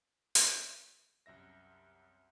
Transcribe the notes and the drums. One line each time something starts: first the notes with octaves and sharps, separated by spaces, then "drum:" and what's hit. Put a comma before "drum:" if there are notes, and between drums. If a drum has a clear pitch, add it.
drum: open hi-hat
C2 F#2 E5 A#6